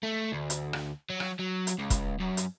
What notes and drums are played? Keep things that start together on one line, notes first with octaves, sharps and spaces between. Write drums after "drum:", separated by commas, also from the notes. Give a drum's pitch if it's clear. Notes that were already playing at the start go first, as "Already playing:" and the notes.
A3
D2
drum: hi-hat
drum: rim click
F#3
drum: rim click
F#3
drum: hi-hat
C#2
drum: kick E1, hi-hat
F#2
drum: hi-hat